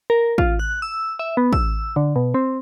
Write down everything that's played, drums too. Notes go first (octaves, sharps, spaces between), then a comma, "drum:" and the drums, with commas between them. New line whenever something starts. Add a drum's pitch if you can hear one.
A#4
F4, drum: kick
F#6
E6
E5
B3
E6, drum: kick
D3
B2
C4